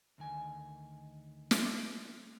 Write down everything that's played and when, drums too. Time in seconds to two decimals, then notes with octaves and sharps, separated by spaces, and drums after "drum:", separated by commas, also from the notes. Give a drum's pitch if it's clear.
0.18 D2 D#3 G#5
1.51 drum: snare